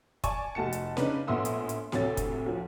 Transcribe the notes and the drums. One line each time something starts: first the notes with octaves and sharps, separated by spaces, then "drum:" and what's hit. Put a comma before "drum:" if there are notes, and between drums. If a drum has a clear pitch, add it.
D5 G#5 A5 C#6, drum: kick, hi-hat
F1 F#4 A5 C#7
drum: hi-hat
C#3 D4 D#4 B4, drum: snare
A#1 A2 B3 C6 D#6 E6
drum: hi-hat
drum: hi-hat
D2 A2 C3 C#5 A6, drum: snare
drum: kick, hi-hat
D2 F3